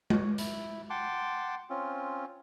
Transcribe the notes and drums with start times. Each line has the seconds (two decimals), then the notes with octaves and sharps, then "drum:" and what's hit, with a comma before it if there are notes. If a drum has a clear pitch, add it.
0.10 C#5, drum: tom G#3
0.38 E4, drum: hi-hat
0.90 F#5 G5 A5 C6 D6
1.70 C4 C#4 F4